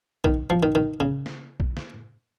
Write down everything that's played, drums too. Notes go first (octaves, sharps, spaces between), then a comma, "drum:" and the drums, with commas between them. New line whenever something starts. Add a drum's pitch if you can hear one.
D#3, drum: kick B1
F3
D#3
D#3
C#3
drum: snare
drum: kick B1
drum: snare